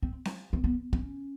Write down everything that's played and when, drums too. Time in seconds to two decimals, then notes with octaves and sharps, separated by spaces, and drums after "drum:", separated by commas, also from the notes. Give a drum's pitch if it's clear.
0.02 C4
0.25 drum: snare C4
0.53 C4
0.64 B3
0.93 C#4, drum: kick